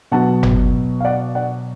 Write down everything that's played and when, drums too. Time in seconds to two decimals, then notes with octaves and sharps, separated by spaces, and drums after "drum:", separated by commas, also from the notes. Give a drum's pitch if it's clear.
0.11 B2 F#3 B3 F#5 A5
0.43 drum: tom G1
1.00 F5
1.05 D5 F#5
1.35 D5 F#5